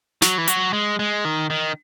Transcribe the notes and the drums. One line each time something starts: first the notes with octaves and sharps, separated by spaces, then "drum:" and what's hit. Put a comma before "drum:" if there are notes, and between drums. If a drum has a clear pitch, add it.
F#3, drum: snare
E3
F#3, drum: hi-hat
G#3
G#3
D#3
D#3